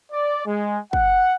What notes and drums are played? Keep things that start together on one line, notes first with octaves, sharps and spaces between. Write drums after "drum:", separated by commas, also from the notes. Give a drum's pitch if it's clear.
D5
G#3
F#5, drum: kick